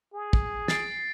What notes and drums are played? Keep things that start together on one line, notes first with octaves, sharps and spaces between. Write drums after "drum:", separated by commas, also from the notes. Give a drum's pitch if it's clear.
G#4
drum: kick
A6 C7 D7, drum: snare